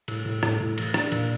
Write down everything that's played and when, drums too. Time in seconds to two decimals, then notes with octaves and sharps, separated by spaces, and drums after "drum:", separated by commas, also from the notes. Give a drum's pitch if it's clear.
0.08 A2, drum: cymbal
0.26 A2
0.43 A2, drum: rim click
0.60 A2
0.78 E3, drum: cymbal
0.94 D4, drum: rim click
1.12 A#2, drum: cymbal